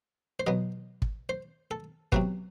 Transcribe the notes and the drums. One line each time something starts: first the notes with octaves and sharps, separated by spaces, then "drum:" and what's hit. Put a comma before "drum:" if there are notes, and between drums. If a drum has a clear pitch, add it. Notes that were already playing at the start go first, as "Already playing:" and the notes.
C5
B2 F#3 B3 D#5
drum: kick
C5
A4
C3 F#3 B3 F#4, drum: kick